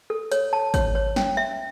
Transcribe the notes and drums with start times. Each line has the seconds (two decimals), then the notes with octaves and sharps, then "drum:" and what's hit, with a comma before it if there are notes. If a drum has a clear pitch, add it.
0.10 A4
0.32 C#5, drum: hi-hat
0.53 A5
0.74 C#5, drum: kick G#1, hi-hat
0.95 C#5
1.16 C#4, drum: snare
1.37 E5